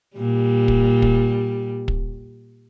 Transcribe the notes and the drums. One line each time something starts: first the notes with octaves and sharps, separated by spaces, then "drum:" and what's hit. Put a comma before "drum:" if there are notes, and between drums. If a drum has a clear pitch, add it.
A#2 G3
drum: kick
drum: kick
drum: kick